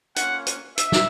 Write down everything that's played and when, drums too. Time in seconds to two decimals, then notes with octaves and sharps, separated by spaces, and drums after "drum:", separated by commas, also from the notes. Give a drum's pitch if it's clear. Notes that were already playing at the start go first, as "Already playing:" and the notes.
0.16 A#3 C#4 F4 F#5, drum: hi-hat
0.47 drum: hi-hat
0.78 E5, drum: hi-hat
0.92 drum: snare